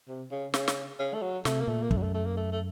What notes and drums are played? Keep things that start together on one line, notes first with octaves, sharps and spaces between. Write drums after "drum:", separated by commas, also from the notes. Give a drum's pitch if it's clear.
C3
C#3
C#3, drum: snare
drum: snare
C#3
A3
F#3
C3 A3, drum: snare
A#3
A#2 A3
A#3
F#2 A3, drum: kick
F#3
A3
A3
A#3
A3
A3